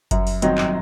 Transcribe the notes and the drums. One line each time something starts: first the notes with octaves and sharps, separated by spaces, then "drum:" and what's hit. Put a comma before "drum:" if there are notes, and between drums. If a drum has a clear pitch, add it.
F#2, drum: kick F#1, hi-hat
drum: open hi-hat
D#3 F#3 C4 D#4, drum: hi-hat
drum: clap